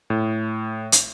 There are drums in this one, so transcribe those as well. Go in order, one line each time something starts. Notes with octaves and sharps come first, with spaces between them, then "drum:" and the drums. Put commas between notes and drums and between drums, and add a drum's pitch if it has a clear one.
A2
drum: hi-hat